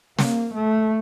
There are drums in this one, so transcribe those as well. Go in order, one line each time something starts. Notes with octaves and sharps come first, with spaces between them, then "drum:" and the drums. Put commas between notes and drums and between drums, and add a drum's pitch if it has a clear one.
A#3, drum: snare
A3